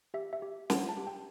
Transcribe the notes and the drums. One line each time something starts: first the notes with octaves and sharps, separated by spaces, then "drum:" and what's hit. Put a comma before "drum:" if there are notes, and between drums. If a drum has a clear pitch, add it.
G4 E5
E5
G4
D4 F#5, drum: snare
A5
G4
G5